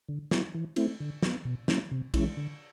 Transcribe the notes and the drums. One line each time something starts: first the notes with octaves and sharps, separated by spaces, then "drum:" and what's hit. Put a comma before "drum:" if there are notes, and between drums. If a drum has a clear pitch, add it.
D3
F#3 B3 E4, drum: snare
E3
A3 C4 E4, drum: cymbal
D3
F#3 B3, drum: snare
B2
F#3 A#3 C#4 E4, drum: snare
C3
E3 G#3 C#4 E4, drum: kick A#1, cymbal
D3